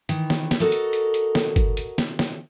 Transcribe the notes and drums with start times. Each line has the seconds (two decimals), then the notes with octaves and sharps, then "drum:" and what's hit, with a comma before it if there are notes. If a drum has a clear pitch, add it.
0.09 D#3 E3, drum: hi-hat
0.30 drum: snare
0.51 drum: snare
0.60 F#4 A4 A#4 D#5
0.72 drum: hi-hat
0.93 drum: hi-hat
1.14 drum: hi-hat
1.35 drum: snare
1.56 drum: kick G1, hi-hat
1.77 drum: hi-hat
1.98 drum: snare
2.19 drum: snare